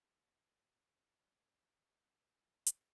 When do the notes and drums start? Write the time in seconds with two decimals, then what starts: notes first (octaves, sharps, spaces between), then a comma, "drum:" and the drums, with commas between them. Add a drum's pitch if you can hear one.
0.07 G#4 B4 D#5
1.01 C4
1.47 A#2
1.80 C5
2.67 drum: hi-hat